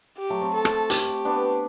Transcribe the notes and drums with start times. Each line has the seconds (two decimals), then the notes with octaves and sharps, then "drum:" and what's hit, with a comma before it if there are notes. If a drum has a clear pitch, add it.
0.18 G4
0.30 F#3 A3
0.42 A3 C4
0.54 A4
0.65 drum: rim click
0.90 G4, drum: hi-hat
1.25 B3 D4